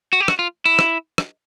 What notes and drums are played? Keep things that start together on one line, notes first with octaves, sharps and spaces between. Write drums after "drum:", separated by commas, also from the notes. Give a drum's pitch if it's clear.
F#4
G4
F#4, drum: rim click
F4
E4
drum: rim click
drum: rim click